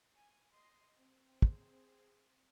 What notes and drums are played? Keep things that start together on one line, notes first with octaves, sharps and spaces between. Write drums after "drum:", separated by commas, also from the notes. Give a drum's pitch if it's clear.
G#5
D#5 C6
C4
G#4, drum: kick